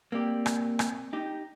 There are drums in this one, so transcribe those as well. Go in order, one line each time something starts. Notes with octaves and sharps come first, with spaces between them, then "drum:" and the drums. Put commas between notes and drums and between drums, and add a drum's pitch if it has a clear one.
A#3 C4 G4 D5
drum: rim click
drum: rim click
D#4 G4